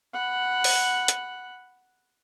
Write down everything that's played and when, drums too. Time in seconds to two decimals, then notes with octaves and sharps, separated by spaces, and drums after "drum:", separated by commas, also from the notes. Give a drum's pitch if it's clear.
0.14 F#5 B5
0.64 drum: open hi-hat
1.08 drum: hi-hat